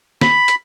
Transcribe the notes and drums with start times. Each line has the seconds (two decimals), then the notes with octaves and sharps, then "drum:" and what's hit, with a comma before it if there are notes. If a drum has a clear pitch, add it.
0.21 B5, drum: snare
0.48 drum: hi-hat